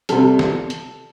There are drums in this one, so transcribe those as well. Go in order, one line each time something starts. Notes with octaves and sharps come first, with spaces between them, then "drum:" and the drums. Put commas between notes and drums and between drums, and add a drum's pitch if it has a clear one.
C3 G3 A4, drum: hi-hat
drum: snare
drum: hi-hat